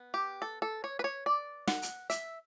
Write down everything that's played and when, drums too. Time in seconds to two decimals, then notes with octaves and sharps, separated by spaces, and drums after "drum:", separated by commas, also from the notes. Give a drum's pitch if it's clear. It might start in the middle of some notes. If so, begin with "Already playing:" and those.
Already playing: B3
0.14 G4
0.42 A4
0.62 A4
0.84 C#5
0.99 B4
1.04 C#5
1.26 D5
1.68 F#5, drum: snare
1.82 drum: hi-hat
2.10 E5, drum: hi-hat